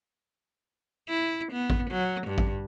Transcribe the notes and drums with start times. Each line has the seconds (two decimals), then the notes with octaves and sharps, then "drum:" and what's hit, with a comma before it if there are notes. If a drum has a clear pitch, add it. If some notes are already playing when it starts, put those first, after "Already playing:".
1.09 E4
1.53 B3
1.70 drum: kick A1
1.91 F#3
2.28 G2
2.38 drum: kick A1